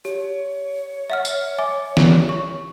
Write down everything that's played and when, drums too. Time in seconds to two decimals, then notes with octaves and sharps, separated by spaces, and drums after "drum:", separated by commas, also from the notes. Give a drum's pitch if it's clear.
0.05 G4 C#5
1.10 E5 F#5 F6
1.25 drum: tambourine
1.59 E5 G#5 D6
1.97 G4, drum: snare
2.29 C#6